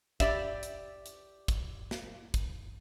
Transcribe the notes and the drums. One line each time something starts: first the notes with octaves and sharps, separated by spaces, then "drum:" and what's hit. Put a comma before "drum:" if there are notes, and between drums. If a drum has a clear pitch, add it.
G4 D5 E5, drum: kick, hi-hat
drum: hi-hat
drum: hi-hat
drum: kick, hi-hat
drum: snare
drum: kick, hi-hat